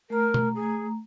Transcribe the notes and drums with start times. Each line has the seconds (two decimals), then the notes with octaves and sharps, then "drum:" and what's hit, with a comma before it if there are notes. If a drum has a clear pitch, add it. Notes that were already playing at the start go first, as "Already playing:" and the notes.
0.10 A3 A#4 A#5
0.34 drum: tom B2
0.55 G#4